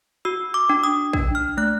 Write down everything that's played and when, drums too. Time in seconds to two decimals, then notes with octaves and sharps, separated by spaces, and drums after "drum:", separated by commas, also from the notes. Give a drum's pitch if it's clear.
0.25 F#4 E6
0.54 D6
0.70 D4
0.84 D#6
1.13 D4, drum: kick
1.35 F6
1.57 A3 F#6